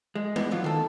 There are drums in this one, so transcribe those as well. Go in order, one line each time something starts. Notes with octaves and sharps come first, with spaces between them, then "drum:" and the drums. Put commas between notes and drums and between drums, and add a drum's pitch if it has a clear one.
G#3
G2 B2 E3 B3, drum: tom G#3
E3 F#3 F4
D#3 A4